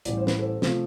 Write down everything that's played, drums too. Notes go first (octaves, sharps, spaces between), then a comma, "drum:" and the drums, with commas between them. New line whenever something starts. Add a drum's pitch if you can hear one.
A1 A2 E3 G3 D5, drum: hi-hat
C5
B4, drum: snare
A4 C5
C3 F3 A3, drum: snare